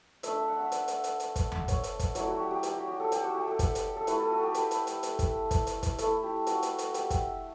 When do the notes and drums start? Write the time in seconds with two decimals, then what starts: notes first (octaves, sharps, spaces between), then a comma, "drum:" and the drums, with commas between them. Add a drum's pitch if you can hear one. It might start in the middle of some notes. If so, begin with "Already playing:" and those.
0.23 A3 D4 E5, drum: hi-hat
0.36 E5
0.48 F#5
0.59 E5
0.72 D5, drum: hi-hat
0.88 drum: hi-hat
1.04 drum: hi-hat
1.20 drum: hi-hat
1.36 drum: kick, hi-hat
1.52 drum: tom D2
1.68 C#5, drum: kick, hi-hat
1.83 drum: hi-hat
1.99 drum: kick, hi-hat
2.15 F#3 A3 E4 D5, drum: hi-hat
2.28 F#4
2.40 G4
2.51 G4
2.63 G4, drum: hi-hat
2.75 F#4
2.87 G4
3.00 A4
3.12 G4, drum: hi-hat
3.24 F#4
3.35 G4
3.47 A4
3.59 drum: kick, hi-hat
3.75 drum: hi-hat
3.96 A4
4.07 A3 E4 B4, drum: hi-hat
4.20 A4
4.31 F#4
4.43 G4
4.54 B4, drum: hi-hat
4.71 drum: hi-hat
4.87 drum: hi-hat
5.03 drum: hi-hat
5.19 drum: kick, hi-hat
5.51 drum: kick, hi-hat
5.67 drum: hi-hat
5.83 drum: kick, hi-hat
5.98 A3 E4 A4, drum: hi-hat
6.23 G4
6.47 F#4, drum: hi-hat
6.62 drum: hi-hat
6.78 drum: hi-hat
6.94 G4, drum: hi-hat
7.10 drum: kick, hi-hat